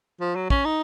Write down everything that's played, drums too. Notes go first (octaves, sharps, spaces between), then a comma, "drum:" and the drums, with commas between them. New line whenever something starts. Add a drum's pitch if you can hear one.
F3
F#3
C#4, drum: kick
D#4